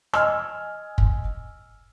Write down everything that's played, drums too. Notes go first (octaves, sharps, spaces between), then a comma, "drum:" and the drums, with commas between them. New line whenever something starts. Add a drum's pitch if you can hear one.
D#5 G#5 E6 F6, drum: rim click
drum: kick